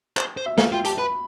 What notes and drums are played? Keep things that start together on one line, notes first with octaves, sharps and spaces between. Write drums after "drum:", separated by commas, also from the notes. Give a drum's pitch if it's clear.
C5, drum: clap
C5
E5
A4 F5, drum: snare
F4 G5
G4 A5, drum: hi-hat
B4 B5